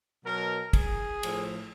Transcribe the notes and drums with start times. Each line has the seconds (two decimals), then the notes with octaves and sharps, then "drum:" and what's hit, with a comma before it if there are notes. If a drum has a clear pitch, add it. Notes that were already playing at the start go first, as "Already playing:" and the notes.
0.24 B2 F#3 A#4
0.73 G#4, drum: kick, cymbal
1.23 A2 F3, drum: cymbal